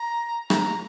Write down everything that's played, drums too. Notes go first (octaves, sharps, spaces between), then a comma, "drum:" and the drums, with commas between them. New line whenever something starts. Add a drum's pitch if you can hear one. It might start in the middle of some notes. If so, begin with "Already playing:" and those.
Already playing: A#5
A#5, drum: rim click